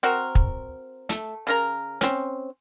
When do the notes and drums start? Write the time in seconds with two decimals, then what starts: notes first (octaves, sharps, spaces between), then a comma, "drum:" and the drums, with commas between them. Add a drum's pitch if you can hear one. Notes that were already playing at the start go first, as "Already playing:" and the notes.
0.03 C4 F#4 A#4
0.35 drum: kick
1.09 A3, drum: hi-hat
1.47 C#3 A#4 A#5
2.01 C4 C#4, drum: hi-hat